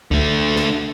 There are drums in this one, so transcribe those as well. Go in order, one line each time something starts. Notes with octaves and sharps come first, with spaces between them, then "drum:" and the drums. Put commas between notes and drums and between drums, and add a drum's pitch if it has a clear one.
D3 A3, drum: kick C#2
drum: snare